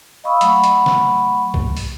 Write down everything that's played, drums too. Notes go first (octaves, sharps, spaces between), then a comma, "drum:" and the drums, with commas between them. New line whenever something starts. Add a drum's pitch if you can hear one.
D#5 F5 B5 C#6 D#6 E6
F#3 A3 F#5 B5 C#6, drum: hi-hat
drum: hi-hat
drum: snare
drum: kick C2
drum: open hi-hat